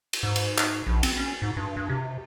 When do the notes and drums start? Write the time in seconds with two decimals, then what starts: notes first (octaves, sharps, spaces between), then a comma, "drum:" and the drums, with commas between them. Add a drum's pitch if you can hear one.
0.13 drum: cymbal
0.23 G#2
0.36 drum: cymbal
0.58 drum: clap
0.87 A#1
1.03 C4, drum: cymbal
1.17 C#4
1.42 G#2
1.57 G2
1.77 G2
1.89 C3